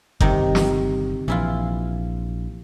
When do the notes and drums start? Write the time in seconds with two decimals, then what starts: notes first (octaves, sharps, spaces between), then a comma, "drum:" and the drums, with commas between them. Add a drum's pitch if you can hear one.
0.20 G1 C3 D#3 D#4, drum: kick F#1
0.55 drum: snare
1.28 A#1 E3 E4 F4